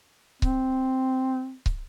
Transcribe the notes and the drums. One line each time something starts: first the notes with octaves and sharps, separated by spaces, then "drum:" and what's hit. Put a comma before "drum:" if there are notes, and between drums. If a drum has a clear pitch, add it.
C4, drum: kick C#1
drum: kick C#1